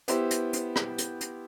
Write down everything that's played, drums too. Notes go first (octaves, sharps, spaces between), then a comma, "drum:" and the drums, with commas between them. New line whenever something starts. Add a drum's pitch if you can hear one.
B3 E4 G4 C5, drum: hi-hat
drum: hi-hat
drum: hi-hat
drum: rim click
drum: hi-hat
drum: hi-hat